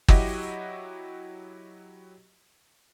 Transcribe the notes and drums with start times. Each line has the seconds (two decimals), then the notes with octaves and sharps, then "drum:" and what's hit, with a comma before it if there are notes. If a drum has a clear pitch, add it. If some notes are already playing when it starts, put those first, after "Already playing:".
0.08 F#3 E4 F#4 G4 D#5, drum: kick G1